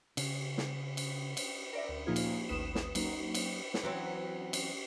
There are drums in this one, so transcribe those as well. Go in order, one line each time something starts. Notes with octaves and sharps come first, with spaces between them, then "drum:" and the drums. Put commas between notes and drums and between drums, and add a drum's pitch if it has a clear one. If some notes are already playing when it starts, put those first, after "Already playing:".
C#3, drum: cymbal
drum: snare
drum: cymbal
drum: cymbal
A#4 D5 E5
D2
A#2 F3 A#3 D#4 F4 G#4
drum: cymbal
A1 D#2 B4 D#6 E7
drum: snare
F#3 A#3 D#4, drum: cymbal
drum: cymbal
drum: snare
E3 F#3 C4
drum: cymbal